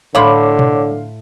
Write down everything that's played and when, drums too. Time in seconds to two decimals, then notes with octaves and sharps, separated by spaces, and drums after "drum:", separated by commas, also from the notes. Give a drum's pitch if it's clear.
0.15 A2 D3 E4 C#5 F5 B5 C6 D6
0.59 drum: tom B2